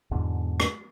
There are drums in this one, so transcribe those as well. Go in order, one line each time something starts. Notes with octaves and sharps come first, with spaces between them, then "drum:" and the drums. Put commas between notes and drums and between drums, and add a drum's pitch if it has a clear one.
E2 G#2 B2 D3
drum: rim click